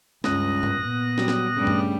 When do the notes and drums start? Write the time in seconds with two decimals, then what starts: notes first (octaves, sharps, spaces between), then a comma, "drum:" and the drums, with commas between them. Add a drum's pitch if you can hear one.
0.24 C#2 G2 D#6 F#6 A#6, drum: snare
0.63 drum: tom G#2
0.80 A#2 B3
1.18 F#3 G3, drum: snare
1.28 drum: snare
1.56 G2 C#3 G3 A3
1.67 drum: tom G2